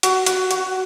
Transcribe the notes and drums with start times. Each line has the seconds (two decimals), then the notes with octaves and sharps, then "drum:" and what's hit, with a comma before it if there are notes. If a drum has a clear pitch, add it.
0.03 F#4, drum: hi-hat
0.26 F#4, drum: hi-hat
0.51 F#4, drum: hi-hat